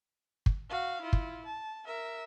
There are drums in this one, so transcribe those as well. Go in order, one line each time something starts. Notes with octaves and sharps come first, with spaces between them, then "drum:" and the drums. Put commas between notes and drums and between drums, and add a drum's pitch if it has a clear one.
drum: kick
F#4 F5
E4 F4
drum: kick
A5
A#4 E5